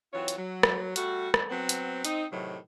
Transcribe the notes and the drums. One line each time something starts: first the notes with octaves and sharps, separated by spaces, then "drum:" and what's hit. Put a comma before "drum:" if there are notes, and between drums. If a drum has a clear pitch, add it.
E3 F#3 C4 F4 C#5
drum: hi-hat
F#3
drum: rim click
G3 A3 F#4, drum: hi-hat
drum: rim click
F#3 B3 C4
drum: hi-hat
C4 D#4, drum: hi-hat
A2 C3 D#3 F#3